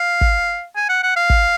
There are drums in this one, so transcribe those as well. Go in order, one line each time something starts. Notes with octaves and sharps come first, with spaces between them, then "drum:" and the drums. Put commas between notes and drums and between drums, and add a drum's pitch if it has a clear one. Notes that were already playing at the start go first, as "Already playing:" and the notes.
Already playing: F5
drum: kick
G#5
F#5
F#5
F5
drum: kick